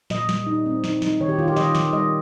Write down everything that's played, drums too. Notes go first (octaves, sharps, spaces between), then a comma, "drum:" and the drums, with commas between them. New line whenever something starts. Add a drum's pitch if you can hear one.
A#2 D#5, drum: snare
G3, drum: snare
D#4
C4
D#4, drum: snare
D#4, drum: snare
D#3 C#5
G4
D#3 F4
G4
D#3 D#5, drum: snare
D#3, drum: snare
G3 D#5